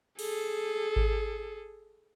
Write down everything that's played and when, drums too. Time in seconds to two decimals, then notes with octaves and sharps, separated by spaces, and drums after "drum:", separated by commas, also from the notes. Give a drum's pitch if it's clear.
0.19 G#4 A4, drum: cymbal
0.96 drum: kick G#1